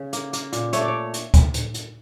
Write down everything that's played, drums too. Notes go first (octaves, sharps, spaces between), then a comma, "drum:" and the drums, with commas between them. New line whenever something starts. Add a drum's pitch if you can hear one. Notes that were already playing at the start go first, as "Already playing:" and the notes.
Already playing: C#3
A#3, drum: hi-hat
A#3, drum: hi-hat
A#2, drum: hi-hat
A3 C#5, drum: hi-hat
D5
C#5
drum: hi-hat
drum: kick, hi-hat
drum: hi-hat
drum: hi-hat